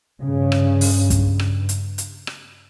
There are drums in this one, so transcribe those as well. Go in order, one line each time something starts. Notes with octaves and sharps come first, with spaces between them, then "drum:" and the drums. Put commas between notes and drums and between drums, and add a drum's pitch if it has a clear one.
G2 C#3
drum: rim click
drum: open hi-hat
drum: kick, hi-hat
drum: rim click
drum: hi-hat
drum: hi-hat
drum: rim click